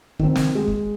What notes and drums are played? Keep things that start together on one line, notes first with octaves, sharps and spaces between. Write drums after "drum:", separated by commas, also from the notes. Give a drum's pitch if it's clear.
D#3 C4, drum: kick
drum: snare
G#3
drum: kick